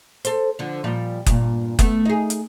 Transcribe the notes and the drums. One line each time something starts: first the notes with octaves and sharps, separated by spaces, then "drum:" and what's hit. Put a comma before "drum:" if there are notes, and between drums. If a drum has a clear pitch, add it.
A4 C5, drum: hi-hat
D3 F3
A#2 F3 G3
G2 A#2, drum: kick F#1, hi-hat
A3 B3, drum: kick F#1, hi-hat
D#4 G#4
drum: hi-hat